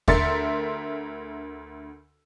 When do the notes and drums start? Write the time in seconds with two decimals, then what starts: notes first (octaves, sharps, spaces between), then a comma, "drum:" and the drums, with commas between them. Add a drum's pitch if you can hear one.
0.08 D2 A#4 E5 C6 A6 C#7, drum: kick D#2